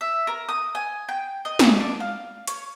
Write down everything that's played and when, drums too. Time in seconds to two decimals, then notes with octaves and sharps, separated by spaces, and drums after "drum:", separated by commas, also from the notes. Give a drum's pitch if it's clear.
0.01 E5
0.27 A#4
0.49 D#6
0.75 G#5
1.09 G5
1.45 D#5
1.59 drum: snare
1.80 D4
2.00 F5
2.47 C#5, drum: hi-hat